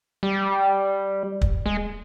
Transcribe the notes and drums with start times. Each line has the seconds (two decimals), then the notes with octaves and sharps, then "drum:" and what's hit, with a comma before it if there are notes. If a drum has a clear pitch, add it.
0.23 G3
1.41 drum: kick
1.66 G#3